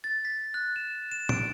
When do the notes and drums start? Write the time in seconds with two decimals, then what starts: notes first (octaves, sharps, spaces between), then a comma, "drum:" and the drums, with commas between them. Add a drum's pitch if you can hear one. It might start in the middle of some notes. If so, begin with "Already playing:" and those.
0.04 A6
0.25 B6
0.54 F#6
0.76 E7
1.12 E7
1.29 D7, drum: tom A2